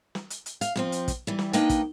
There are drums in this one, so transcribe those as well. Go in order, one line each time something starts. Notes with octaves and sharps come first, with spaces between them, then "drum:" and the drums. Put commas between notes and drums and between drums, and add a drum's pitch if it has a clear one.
drum: snare
drum: hi-hat
drum: hi-hat
F5, drum: hi-hat
F2 F3 C4, drum: snare
drum: hi-hat
drum: kick, hi-hat
E3 G3
drum: snare
A#3 D4 D#4 B4 D#5 G5, drum: hi-hat
drum: kick, hi-hat